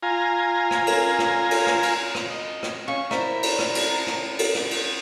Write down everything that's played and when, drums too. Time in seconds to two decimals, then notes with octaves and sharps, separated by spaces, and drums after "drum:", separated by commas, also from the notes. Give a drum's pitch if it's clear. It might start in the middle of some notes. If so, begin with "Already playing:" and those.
0.03 F4 G#5 A#5
0.71 drum: rim click
0.87 drum: cymbal
1.19 drum: rim click
1.51 drum: cymbal
1.67 drum: rim click
1.83 drum: cymbal
2.15 drum: rim click
2.29 D#5
2.63 drum: rim click
2.88 C#4 F5 C#6
3.11 E4 A#4 C5 D5 E5, drum: rim click
3.43 drum: cymbal
3.59 drum: rim click
3.75 drum: cymbal
4.07 drum: rim click
4.39 drum: cymbal
4.55 drum: rim click
4.71 drum: cymbal